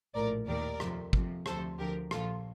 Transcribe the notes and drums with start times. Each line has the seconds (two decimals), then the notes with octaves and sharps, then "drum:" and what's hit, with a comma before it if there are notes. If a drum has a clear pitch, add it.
0.14 A#1 A2 F3 A#4 D5
0.47 D#2 D#3 G3 A#4 D5
0.80 F2 C3 F3, drum: rim click
1.13 F2 C3 F3, drum: kick
1.46 D2 C3 F3 A4 C5, drum: rim click
1.78 D2 D3 F3 G4 A#4
2.11 A#1 A#2 F3 F4 A4, drum: rim click